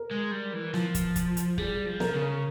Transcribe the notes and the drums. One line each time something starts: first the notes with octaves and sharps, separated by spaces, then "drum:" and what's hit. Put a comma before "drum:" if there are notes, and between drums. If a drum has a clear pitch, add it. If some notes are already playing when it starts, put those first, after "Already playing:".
Already playing: A#4
G#3
G3
E3
F3, drum: snare
drum: kick, hi-hat
drum: kick, hi-hat
drum: hi-hat
G3 G#4, drum: kick
F3
A#4, drum: snare
C#3